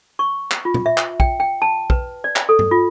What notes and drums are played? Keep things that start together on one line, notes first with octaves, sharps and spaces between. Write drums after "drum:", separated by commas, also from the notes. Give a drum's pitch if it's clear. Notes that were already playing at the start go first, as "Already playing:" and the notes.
C#6
drum: clap
F4
drum: tom A#2
E5
drum: clap
G5, drum: kick
G5
A5
B4, drum: kick
D5
drum: clap
A4
drum: tom G2
F4